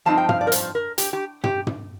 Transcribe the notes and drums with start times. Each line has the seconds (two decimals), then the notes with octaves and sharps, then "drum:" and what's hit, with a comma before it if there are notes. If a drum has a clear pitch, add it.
0.05 G2 F3 C4 D#4 A5
0.17 G5
0.29 F5, drum: tom
0.41 D5
0.47 A#4
0.52 C5, drum: hi-hat
0.75 A#4
0.98 G4, drum: hi-hat
1.13 G4
1.44 G4, drum: tom
1.67 drum: tom